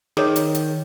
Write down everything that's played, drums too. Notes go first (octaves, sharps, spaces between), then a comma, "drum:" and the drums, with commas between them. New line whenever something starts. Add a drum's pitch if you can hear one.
D#3 G#4 C#5, drum: snare
drum: hi-hat
drum: hi-hat